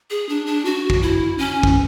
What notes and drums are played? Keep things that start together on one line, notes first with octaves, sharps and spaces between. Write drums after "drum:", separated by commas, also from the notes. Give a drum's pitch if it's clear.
G#4
D4
D4
F#4
drum: kick
E4
C#4
drum: kick